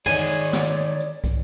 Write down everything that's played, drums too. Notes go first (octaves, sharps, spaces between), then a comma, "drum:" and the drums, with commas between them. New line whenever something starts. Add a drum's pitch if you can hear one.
D#3 D#4 G#4 C#5 D5 G#5, drum: tom
drum: hi-hat
drum: snare
drum: hi-hat
drum: kick, hi-hat